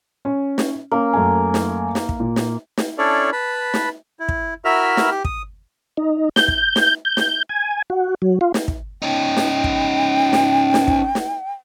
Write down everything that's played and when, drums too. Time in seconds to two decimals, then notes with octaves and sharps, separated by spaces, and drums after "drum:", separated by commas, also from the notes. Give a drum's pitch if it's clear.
0.25 C#4
0.58 drum: snare
0.91 A#3 C#4
1.13 F#2 A3 G#5
1.54 drum: snare
1.95 drum: snare
2.09 drum: kick
2.20 A#2
2.36 drum: snare
2.78 drum: snare
2.98 C#4 D4 E4 A4 C#5 D5
3.32 B4 A5 B5
3.74 drum: snare
4.19 E4
4.29 drum: kick
4.65 E4 F#4 A#4 E5 B5 F6
4.97 drum: snare
5.10 G4
5.25 D#6, drum: kick
5.97 D#4
6.36 G6, drum: snare
6.48 drum: kick
6.76 drum: snare
7.05 G6
7.17 drum: snare
7.49 G#5
7.90 F#4
8.22 F#3
8.41 F4
8.54 drum: snare
8.68 drum: kick
9.02 C#4 D#4 G5
9.37 drum: snare
9.64 drum: kick
10.33 drum: snare
10.74 drum: snare
10.88 drum: kick
11.15 drum: snare